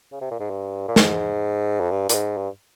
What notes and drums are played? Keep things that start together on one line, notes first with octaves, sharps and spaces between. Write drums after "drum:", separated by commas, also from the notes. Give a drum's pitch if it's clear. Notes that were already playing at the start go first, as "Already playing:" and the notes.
C#3
C3
A#2
G#2
G2
A#2
G#2, drum: snare
F2
G2
A#2, drum: hi-hat
G#2
G2